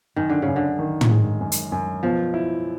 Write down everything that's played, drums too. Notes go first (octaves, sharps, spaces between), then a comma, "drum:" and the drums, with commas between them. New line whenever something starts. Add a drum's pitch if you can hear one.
F#2 D#3
D3
C#3
F#2
D3
D#3
drum: tom
G#3
F#2
drum: hi-hat
F#2
B2 F3
E4